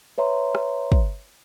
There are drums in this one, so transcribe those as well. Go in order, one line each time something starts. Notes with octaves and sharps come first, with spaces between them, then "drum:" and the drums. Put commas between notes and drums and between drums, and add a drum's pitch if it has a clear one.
B4 C#5 E5 A#5 C6
drum: rim click
drum: kick